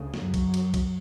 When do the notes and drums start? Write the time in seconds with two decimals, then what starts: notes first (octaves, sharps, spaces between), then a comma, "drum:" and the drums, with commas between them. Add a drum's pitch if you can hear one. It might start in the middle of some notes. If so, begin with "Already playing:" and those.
Already playing: D2 C#3
0.14 F#2 F#3, drum: snare
0.34 drum: kick B1, cymbal
0.54 drum: cymbal
0.74 drum: kick B1, cymbal